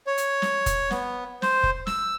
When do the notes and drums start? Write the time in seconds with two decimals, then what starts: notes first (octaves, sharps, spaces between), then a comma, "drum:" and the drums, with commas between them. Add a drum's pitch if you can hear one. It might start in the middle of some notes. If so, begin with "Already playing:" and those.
0.07 C#5
0.18 drum: hi-hat
0.42 drum: snare
0.66 drum: kick, hi-hat
0.91 B3, drum: snare
1.42 C5, drum: snare
1.63 drum: kick
1.87 E6, drum: snare